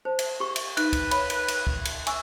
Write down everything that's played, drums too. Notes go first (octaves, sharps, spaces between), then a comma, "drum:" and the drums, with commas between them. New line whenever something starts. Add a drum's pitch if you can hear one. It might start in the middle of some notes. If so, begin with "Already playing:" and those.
C5 A5
drum: cymbal
G4 C#6
drum: cymbal
D#4 B4 F#6, drum: cymbal
drum: kick, cymbal
C#5 B5, drum: cymbal
drum: cymbal
drum: cymbal
drum: kick
drum: cymbal
G#5 C#6 E6, drum: cymbal